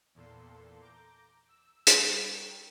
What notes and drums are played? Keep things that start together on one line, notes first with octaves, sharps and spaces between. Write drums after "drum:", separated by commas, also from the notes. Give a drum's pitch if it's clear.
E2 A#2 A4 C6
A#5 D6 G6
E6
G3, drum: hi-hat
A#4 G5 C#6